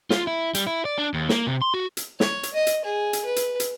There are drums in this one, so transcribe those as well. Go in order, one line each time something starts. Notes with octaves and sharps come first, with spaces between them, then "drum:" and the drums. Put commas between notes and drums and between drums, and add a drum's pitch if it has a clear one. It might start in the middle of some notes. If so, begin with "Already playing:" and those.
F4, drum: snare
E4
G3, drum: hi-hat
E4
D5
D4
D#2
A#3, drum: snare
C3
C6
F#4
drum: hi-hat
C#5, drum: snare
drum: hi-hat
D#5
drum: hi-hat
G#4
drum: hi-hat
B4
drum: hi-hat
drum: hi-hat